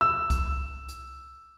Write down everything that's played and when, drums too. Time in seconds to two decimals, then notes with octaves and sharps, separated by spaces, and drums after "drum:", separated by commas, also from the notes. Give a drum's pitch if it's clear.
0.01 E6
0.30 drum: kick C2, hi-hat
0.88 drum: hi-hat